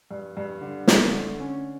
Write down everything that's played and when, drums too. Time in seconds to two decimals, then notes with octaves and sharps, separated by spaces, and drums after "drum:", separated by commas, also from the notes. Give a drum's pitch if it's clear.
0.11 G2
0.37 G2
0.61 D3
0.88 A3, drum: snare
1.13 D3
1.40 C#4